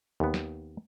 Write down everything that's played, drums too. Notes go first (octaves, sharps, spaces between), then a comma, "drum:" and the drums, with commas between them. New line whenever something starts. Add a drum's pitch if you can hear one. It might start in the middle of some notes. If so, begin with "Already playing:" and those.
D#2 B3
drum: snare